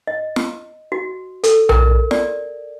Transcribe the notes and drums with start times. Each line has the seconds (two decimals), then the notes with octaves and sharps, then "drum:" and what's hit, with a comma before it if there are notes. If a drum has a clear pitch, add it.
0.07 D#5
0.36 drum: snare
0.92 F#4
1.44 A4, drum: hi-hat
1.69 A#4, drum: tom B1
2.11 D5, drum: snare